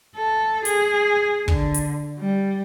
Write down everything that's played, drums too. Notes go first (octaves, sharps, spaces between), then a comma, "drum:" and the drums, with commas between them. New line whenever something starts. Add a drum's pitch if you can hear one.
A4
G#4, drum: hi-hat
D3, drum: kick
drum: hi-hat
G3